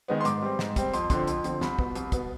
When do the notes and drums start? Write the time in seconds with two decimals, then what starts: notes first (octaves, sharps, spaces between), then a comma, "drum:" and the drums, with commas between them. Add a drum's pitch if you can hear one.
0.08 D#3 G#3 B3
0.21 C6
0.25 G#2 D6, drum: hi-hat
0.42 G3 C4
0.59 G#2, drum: snare
0.76 G3 C4, drum: kick, hi-hat
0.94 F2 C6, drum: hi-hat
1.10 D3 F3 C4 C6, drum: kick, hi-hat
1.27 F2, drum: hi-hat
1.44 D3 F3 C4, drum: hi-hat
1.61 C2 B5, drum: snare
1.79 B2 B3, drum: kick
1.95 C2, drum: hi-hat
2.12 B2 B3, drum: kick, hi-hat